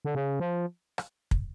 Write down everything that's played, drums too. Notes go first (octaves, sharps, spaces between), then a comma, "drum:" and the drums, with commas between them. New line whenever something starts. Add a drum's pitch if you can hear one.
D3
C#3
F3
drum: rim click
drum: kick